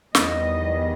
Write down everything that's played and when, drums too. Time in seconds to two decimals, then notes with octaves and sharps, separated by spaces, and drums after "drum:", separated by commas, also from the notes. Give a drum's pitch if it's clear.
0.15 E2 D#3 G3 D#5, drum: snare